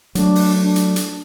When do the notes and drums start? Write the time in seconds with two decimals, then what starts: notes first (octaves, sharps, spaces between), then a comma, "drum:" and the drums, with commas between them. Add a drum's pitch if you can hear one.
0.15 F#3 A3 D4, drum: hi-hat
0.35 drum: open hi-hat
0.63 D4
0.76 drum: hi-hat
0.96 drum: hi-hat